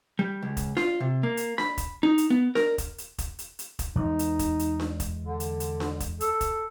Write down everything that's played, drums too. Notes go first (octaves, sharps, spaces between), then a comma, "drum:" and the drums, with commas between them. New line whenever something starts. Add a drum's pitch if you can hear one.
G3
C#2
drum: kick, hi-hat
F4, drum: snare D4
C3
A#3
drum: hi-hat
B5, drum: snare D4
drum: kick, hi-hat
D#4
drum: hi-hat
B3
A#4, drum: snare D4
drum: kick, hi-hat
drum: hi-hat
drum: kick, hi-hat
drum: hi-hat
drum: hi-hat
drum: kick, hi-hat
E2 E3 G#3 D#4
drum: hi-hat
drum: kick, hi-hat
drum: hi-hat
drum: snare D4
drum: kick, hi-hat
D3
drum: hi-hat
drum: hi-hat
drum: snare D4
drum: kick, hi-hat
A4, drum: hi-hat
drum: kick, hi-hat